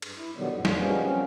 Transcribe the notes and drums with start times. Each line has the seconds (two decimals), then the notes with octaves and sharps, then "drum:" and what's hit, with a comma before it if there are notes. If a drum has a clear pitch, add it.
0.02 G2, drum: cymbal
0.17 E4
0.37 B2 D3 D#3 F#3 G3 B3
0.55 F2 A2 D3
0.65 drum: snare
0.77 F3 G3 G#3 A#3 B3 C#4
1.01 C#3 F3 F#3 C4 C#4